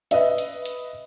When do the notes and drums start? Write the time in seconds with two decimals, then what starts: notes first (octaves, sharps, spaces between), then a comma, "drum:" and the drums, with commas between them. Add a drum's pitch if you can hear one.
0.11 B4 D#5 E5, drum: hi-hat
0.38 drum: hi-hat
0.65 drum: hi-hat